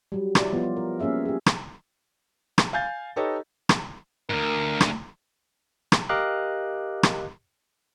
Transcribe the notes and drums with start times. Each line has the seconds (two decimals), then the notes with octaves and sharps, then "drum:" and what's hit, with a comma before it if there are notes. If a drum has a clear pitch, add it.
0.12 F#3 G3
0.35 E4 D5, drum: rim click
0.53 F3 B3 F4
0.77 A#4
0.99 A#3 C#4 G#4 E5 F5
1.25 G4 G#4
1.46 drum: rim click
2.58 drum: rim click
2.73 F5 G#5 G6 A6
3.16 D#4 G4 A4 B4 C#5 D#5
3.69 drum: rim click
4.30 D2 G#2 A#4
4.81 drum: rim click
5.92 drum: rim click
6.09 G4 A#4 D#5 F5 D6 F#6
7.03 drum: rim click